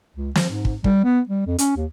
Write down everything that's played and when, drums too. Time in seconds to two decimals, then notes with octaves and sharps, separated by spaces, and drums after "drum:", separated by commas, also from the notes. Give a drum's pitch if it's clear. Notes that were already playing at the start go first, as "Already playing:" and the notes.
0.16 C#2
0.35 F3, drum: snare
0.50 G#2
0.65 drum: kick
0.84 G3, drum: kick
1.04 B3
1.29 G3
1.46 F2
1.58 C#4, drum: hi-hat
1.76 D#2